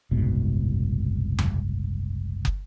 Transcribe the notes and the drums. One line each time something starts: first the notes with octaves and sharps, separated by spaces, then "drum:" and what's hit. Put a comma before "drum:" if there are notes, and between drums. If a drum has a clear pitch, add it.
F#1 C2 G#2 B2
drum: tom E2
drum: kick